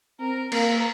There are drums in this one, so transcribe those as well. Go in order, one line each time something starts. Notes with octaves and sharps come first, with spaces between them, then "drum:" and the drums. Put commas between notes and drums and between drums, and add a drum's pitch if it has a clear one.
C4 A#4
A#3 A#4, drum: cymbal